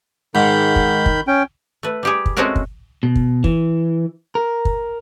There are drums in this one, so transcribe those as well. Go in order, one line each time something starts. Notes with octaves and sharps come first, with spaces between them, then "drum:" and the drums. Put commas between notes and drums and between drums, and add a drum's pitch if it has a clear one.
G#2 D#3 B5 G6
drum: kick
drum: kick
C#4 G5
A3 B4
G3 G4 G#4
drum: kick
G#3 A3 C4 C#4 F#4 A#4
drum: kick
B2
drum: kick
E3, drum: kick
A#4
drum: kick